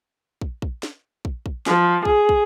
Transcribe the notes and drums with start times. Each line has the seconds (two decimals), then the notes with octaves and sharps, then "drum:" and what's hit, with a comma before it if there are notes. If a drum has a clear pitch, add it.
0.41 drum: kick
0.62 drum: kick
0.83 drum: snare
1.25 drum: kick
1.46 drum: kick
1.66 F3, drum: snare
2.05 G#4, drum: kick
2.29 drum: kick